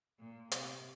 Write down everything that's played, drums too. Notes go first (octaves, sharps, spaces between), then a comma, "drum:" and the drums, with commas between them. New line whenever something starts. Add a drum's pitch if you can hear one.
A#2
C3, drum: hi-hat